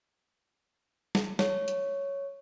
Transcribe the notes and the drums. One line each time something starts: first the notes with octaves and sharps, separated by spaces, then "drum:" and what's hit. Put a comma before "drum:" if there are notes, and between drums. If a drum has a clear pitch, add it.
drum: snare
C#5, drum: snare
drum: hi-hat